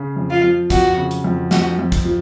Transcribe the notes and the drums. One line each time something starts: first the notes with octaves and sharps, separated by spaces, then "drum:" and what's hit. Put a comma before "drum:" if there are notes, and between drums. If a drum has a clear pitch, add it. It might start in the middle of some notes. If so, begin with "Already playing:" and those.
Already playing: C#3
F2
F4
F3
F2 F#4, drum: kick, hi-hat
C#3
drum: hi-hat
F2
F2 F#4, drum: snare
F2
drum: kick, hi-hat
F3